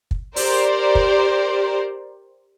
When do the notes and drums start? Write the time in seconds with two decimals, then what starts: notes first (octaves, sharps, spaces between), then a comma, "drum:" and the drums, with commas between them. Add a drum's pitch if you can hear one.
0.11 drum: kick
0.36 G4 A#4 C5 D5, drum: open hi-hat
0.95 drum: kick